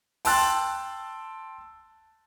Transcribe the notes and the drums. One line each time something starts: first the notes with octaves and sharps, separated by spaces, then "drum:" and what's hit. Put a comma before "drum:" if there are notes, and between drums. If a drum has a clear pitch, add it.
G5 A5 C6 E6 F#6 A6, drum: open hi-hat